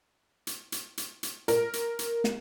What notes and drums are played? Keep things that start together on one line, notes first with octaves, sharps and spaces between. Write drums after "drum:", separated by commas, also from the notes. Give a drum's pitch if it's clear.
drum: hi-hat
drum: hi-hat
drum: hi-hat
drum: hi-hat
A#4, drum: hi-hat
drum: hi-hat
drum: hi-hat
drum: snare